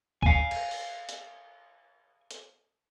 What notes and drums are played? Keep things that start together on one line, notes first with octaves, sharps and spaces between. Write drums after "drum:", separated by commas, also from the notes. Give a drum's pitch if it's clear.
F5 G#5, drum: kick
drum: cymbal
drum: open hi-hat
drum: hi-hat
drum: hi-hat